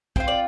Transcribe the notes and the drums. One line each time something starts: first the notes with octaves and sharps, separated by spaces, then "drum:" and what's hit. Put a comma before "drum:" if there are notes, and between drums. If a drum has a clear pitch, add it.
C4 F4 C5, drum: kick
D5